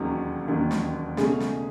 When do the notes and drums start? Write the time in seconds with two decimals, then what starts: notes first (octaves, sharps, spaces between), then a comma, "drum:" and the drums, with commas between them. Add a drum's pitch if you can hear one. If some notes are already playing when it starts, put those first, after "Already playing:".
Already playing: E1 D#2 D#3 F#3 C#4
0.48 E1 D#2 D#3 F#3 C#4
0.71 drum: snare
1.17 C#2 B2 A3 C#4 G#4, drum: snare
1.40 drum: snare